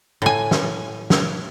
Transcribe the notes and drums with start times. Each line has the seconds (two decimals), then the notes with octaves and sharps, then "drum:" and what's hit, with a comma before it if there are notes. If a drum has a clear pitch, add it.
0.22 A2 G#5
0.51 drum: snare
1.10 drum: snare